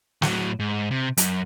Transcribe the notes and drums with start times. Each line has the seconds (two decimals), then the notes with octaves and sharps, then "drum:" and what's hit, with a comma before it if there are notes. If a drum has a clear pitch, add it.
0.22 A2 F#3, drum: snare
0.60 G#2
0.91 C3
1.17 F#2, drum: hi-hat